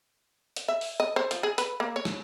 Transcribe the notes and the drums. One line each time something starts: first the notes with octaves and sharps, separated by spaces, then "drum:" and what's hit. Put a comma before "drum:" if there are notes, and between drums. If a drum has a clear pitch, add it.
drum: hi-hat
E5
drum: open hi-hat
D#5
C5
F3, drum: hi-hat
G#4
B4, drum: hi-hat
A#3
C#5
drum: snare